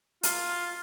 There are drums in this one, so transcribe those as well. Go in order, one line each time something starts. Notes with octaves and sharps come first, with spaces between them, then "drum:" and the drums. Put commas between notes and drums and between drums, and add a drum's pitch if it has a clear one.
F4, drum: hi-hat